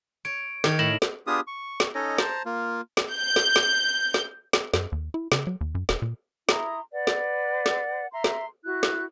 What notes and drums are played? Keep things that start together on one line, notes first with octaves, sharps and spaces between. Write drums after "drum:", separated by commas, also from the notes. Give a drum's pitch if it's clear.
C#5 D7
D#3 C#5, drum: snare
A2 A#6 E7 F#7
drum: snare
B3 D4 F4 G4 G#4 D#6
C#6
drum: snare
C#4 D#4 A4 C#5 D#5
C5 A5 A#5, drum: snare
A#3 F4
drum: snare
G6
drum: snare
drum: snare
drum: snare
drum: snare
F#2, drum: snare
D#2
E4
C#3, drum: snare
F#3
D#2
F#2
E1, drum: snare
A#2
E4 A#5 C6 D#6, drum: snare
B4 D5 F#5
drum: snare
drum: snare
E5 A#5 C6
drum: snare
E4 F#4 F#6
drum: snare